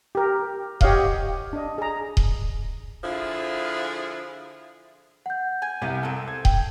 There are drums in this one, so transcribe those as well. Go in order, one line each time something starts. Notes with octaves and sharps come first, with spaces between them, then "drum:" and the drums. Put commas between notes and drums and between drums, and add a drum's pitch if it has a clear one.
G4 A#4
G4 C#5 D#5 F5 F#5, drum: kick D#1
D4 D#5
G#4 A#5
drum: kick D#1
D3 F3 E4 F4 G#4
F#5 G6
G#5
C2 B3 F5 G5
C4 A4
G#6
G5, drum: kick D#1